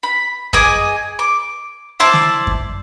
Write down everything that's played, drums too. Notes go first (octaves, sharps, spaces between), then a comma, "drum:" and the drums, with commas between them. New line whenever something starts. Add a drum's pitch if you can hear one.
B5
G#4 D#5 G#5 D6, drum: kick F#2
D6
E4 C5 D5 A5
drum: snare
drum: kick F#2